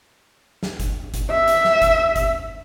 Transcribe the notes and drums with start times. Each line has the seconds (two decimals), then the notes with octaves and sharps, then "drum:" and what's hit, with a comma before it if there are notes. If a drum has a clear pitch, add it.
0.63 drum: snare
0.80 drum: kick G1, hi-hat
1.14 drum: kick G1, hi-hat
1.31 E5
1.48 drum: hi-hat
1.65 drum: snare
1.82 drum: kick G1, hi-hat
2.16 drum: kick G1, hi-hat